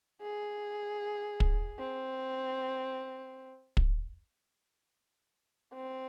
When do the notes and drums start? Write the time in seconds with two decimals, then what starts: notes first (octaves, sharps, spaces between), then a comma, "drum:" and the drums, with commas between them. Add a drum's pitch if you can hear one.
0.22 G#4
1.40 drum: kick
1.79 C4
3.77 drum: kick
5.74 C4